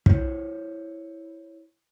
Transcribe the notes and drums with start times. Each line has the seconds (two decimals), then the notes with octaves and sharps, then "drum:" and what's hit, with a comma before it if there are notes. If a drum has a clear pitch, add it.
0.06 E4 C5 C#5, drum: kick